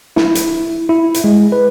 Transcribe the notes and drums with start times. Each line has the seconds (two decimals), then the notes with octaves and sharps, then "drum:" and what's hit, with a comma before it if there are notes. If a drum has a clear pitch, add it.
0.16 E4, drum: snare
0.35 drum: hi-hat
0.89 E4
1.14 drum: hi-hat
1.24 G#3
1.52 B4